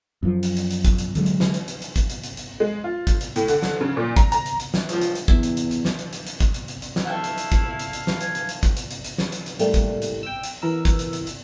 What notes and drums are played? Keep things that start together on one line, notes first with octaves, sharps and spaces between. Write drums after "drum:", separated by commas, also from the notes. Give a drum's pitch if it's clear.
F#2 F3
drum: hi-hat
drum: hi-hat
drum: hi-hat
drum: kick, hi-hat
drum: hi-hat
D3 F#3 G#3, drum: hi-hat
drum: hi-hat
drum: snare
drum: hi-hat
drum: hi-hat
drum: hi-hat
drum: kick, hi-hat
drum: hi-hat
drum: hi-hat
drum: hi-hat
G#3
F4
drum: kick, hi-hat
drum: hi-hat
A2, drum: hi-hat
D3, drum: hi-hat
drum: snare
C#3
A#2
A#5, drum: kick, hi-hat
A#5, drum: hi-hat
drum: hi-hat
drum: hi-hat
drum: snare
C#2 F3, drum: hi-hat
drum: hi-hat
drum: hi-hat
E2 E4, drum: kick
drum: hi-hat
drum: hi-hat
drum: hi-hat
drum: snare
drum: hi-hat
drum: hi-hat
drum: hi-hat
drum: kick, hi-hat
drum: hi-hat
drum: hi-hat
drum: hi-hat
drum: snare
A3 C4 E4 F5 F#5
drum: hi-hat
drum: hi-hat
drum: kick, hi-hat
drum: hi-hat
drum: hi-hat
drum: snare
G#5, drum: hi-hat
drum: hi-hat
drum: hi-hat
drum: kick, hi-hat
drum: hi-hat
drum: hi-hat
drum: hi-hat
drum: snare
drum: hi-hat
drum: hi-hat
A2 G3 A3 A#3, drum: hi-hat
drum: kick, hi-hat
drum: hi-hat
G5 E6
drum: hi-hat
E3 A#4 E6
drum: kick, hi-hat
drum: hi-hat
drum: hi-hat
drum: hi-hat